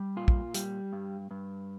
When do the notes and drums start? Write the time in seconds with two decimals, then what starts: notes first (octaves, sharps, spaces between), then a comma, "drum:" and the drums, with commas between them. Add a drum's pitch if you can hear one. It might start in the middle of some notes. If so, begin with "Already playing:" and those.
Already playing: G3
0.16 A#2 F4
0.28 drum: kick
0.54 G3, drum: hi-hat
0.93 G2
1.31 G2